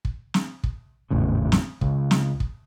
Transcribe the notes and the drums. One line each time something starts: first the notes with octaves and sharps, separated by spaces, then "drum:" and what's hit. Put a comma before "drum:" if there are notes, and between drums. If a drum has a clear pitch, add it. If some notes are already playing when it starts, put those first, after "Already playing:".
drum: kick
drum: snare
drum: kick
G#1 E2 A2 C#3
drum: snare
C#2, drum: kick
drum: snare
drum: kick